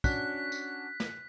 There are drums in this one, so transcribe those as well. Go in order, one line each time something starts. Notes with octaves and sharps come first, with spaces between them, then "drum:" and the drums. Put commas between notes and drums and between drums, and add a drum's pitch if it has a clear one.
C#4 D4 F#4 F#6 B6, drum: kick, tambourine
drum: tambourine
drum: snare